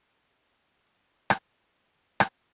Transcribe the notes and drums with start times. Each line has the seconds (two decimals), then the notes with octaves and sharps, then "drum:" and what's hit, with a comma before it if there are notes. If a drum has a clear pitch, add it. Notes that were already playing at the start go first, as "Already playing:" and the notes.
0.09 E4 D6
0.85 A3 A5 B5
1.30 drum: rim click
1.83 F4 G4 G#4
2.20 drum: rim click